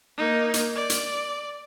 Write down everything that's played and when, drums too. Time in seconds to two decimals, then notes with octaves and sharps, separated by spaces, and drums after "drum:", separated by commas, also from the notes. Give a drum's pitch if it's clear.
0.18 A#3 D#4
0.54 drum: hi-hat
0.76 D5
0.90 drum: hi-hat